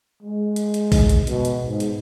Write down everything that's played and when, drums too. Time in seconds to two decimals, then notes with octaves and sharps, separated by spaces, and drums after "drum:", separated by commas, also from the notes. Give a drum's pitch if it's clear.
0.23 G#3
0.56 drum: hi-hat
0.74 drum: hi-hat
0.92 drum: kick A#1, open hi-hat
1.09 drum: hi-hat
1.27 B2, drum: hi-hat
1.45 drum: hi-hat
1.66 G#2
1.80 drum: hi-hat